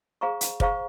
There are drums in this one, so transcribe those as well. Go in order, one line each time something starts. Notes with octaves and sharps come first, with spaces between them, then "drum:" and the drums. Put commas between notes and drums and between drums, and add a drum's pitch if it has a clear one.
G#4 C5 F5 A#5 C#6
drum: hi-hat
G#4 C5 F5 A#5 C#6, drum: kick